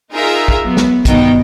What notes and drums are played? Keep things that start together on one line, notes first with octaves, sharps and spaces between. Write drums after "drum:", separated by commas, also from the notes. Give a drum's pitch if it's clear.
D#4 F4 G#4 A#4 E5 A#5
drum: kick
F#3 B3
drum: snare
G1 B2 D#3 B3 D#4 G5, drum: kick, hi-hat